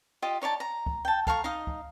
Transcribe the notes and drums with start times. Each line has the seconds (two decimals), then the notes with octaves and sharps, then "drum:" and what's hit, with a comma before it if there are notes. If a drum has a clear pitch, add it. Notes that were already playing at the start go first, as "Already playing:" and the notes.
0.22 F4 G4 D#5
0.41 D#4 C#5 D5 A5
0.60 A#5
0.86 drum: kick
1.05 G5 A5
1.27 A4 F5 A#5 C#6, drum: kick
1.44 D#4 F5 D#6
1.67 drum: kick